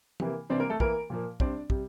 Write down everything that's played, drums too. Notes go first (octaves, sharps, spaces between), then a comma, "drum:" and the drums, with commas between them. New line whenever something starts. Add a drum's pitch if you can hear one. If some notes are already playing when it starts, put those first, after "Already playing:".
C3 E3 A#3, drum: tom
C3 E3 G3 C4 D4 D5
A#3 A#4
A3 A4
E3 A#3 A#4, drum: kick
A#2 F3 A#3
C3 G3 C4 D4 D5, drum: kick
C3 G3, drum: kick